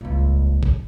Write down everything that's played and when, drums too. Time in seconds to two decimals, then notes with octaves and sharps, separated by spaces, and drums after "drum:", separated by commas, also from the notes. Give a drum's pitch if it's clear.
0.01 D#1 C#2
0.63 drum: kick